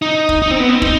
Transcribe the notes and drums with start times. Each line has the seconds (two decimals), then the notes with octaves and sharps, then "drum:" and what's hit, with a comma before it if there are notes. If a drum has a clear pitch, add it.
0.02 D#4
0.29 drum: kick
0.42 D#4
0.51 C4
0.59 B3
0.69 C4
0.82 D#4, drum: kick